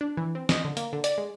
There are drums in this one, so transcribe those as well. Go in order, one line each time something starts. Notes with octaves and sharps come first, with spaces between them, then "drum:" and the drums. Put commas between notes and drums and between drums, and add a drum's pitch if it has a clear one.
D4
E3
C4
D#5, drum: snare
D3
A#3, drum: hi-hat
D3
D5, drum: hi-hat
G#3